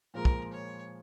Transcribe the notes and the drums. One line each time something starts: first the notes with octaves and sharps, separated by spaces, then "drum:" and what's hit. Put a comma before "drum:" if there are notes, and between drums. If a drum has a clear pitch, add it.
A#2 F3 G#3 A#4
drum: kick
C#5